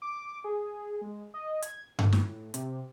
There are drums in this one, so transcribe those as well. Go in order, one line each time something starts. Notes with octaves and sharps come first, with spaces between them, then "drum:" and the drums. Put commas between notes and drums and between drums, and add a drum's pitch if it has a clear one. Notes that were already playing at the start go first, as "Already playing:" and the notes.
D6
G#4
G#3
D#5
G#6, drum: hi-hat
A2, drum: tom G2
drum: snare
C3, drum: hi-hat